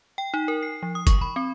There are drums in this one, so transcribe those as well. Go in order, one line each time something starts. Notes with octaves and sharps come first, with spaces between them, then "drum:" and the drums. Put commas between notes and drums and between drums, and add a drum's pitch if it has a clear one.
G5
D#4
A#4
C7
F3
D#6
C#6, drum: kick F#1, hi-hat
B5
C4